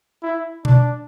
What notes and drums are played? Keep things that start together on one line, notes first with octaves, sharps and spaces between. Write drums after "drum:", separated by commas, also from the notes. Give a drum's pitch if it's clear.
E4
D4, drum: tom B2